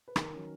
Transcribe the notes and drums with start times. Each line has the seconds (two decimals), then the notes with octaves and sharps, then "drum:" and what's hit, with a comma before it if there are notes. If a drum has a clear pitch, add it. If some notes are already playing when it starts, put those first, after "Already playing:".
0.08 B4
0.16 D#3 A#4, drum: rim click
0.33 F#3 C#4